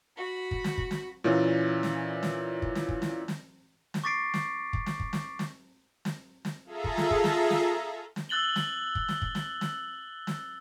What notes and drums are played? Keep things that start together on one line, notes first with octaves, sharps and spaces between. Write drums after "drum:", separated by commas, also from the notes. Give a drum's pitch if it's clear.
F#4 B5
drum: kick
drum: snare
drum: kick
drum: snare
A#2 E3 C#4
drum: snare
drum: snare
drum: kick
drum: snare
drum: kick
drum: snare
drum: snare
drum: snare
C#6 D6 A6 B6 C7 D7
drum: snare
drum: kick
drum: snare
drum: kick
drum: snare
drum: snare
drum: snare
drum: snare
F4 G#4 A4 E5 A#5
drum: kick
drum: snare
drum: kick
drum: snare
drum: snare
drum: snare
E6 F#6 A6 F#7 G7
drum: snare
drum: kick
drum: snare
drum: kick
drum: snare
drum: snare
drum: snare